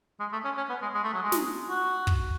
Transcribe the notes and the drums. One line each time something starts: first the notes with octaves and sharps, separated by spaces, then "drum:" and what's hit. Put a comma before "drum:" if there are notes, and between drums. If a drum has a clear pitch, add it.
G#3
A3
C#4
C#4
B3
G#3
G#3
A3
F#3
G#3
drum: snare
F#4
drum: kick